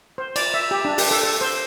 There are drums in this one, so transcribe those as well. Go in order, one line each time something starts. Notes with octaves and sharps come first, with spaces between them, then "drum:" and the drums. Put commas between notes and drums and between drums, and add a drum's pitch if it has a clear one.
C5
D5, drum: cymbal
E5
G4
D4
G4, drum: open hi-hat
A4
A4
C5